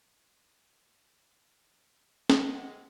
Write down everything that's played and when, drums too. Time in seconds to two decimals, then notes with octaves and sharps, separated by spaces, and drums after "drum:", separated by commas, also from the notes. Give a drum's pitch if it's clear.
2.30 C3 G#3 F#5, drum: snare